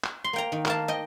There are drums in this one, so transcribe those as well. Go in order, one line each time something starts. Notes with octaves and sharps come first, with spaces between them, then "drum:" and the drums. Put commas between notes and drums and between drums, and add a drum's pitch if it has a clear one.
drum: clap
C6
A#3 G5 A#5
D#3
A#3 F5 A5, drum: clap
D#5 G5